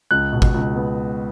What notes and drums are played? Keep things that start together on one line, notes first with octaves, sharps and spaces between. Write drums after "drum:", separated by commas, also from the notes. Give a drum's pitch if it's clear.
C#2 F#6
B2
drum: kick
C#2
B3